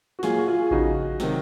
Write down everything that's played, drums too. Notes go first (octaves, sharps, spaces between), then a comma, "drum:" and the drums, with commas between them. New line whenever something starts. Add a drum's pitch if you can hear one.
F#4
A#2 F#3 F4 G#4, drum: snare
F#4
F4 G#4
G#4
C#3 F3 D#4 F#4, drum: kick A1
C3 D#3 F#3, drum: snare